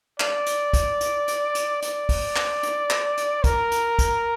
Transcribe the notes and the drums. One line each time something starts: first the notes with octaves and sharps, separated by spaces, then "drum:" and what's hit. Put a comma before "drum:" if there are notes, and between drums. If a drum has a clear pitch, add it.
D5, drum: clap
drum: hi-hat
drum: kick, hi-hat
drum: hi-hat
drum: hi-hat
drum: hi-hat
D5, drum: hi-hat
drum: kick, open hi-hat
drum: clap
drum: hi-hat
drum: clap
drum: hi-hat
A#4, drum: kick, hi-hat
drum: hi-hat
drum: kick, hi-hat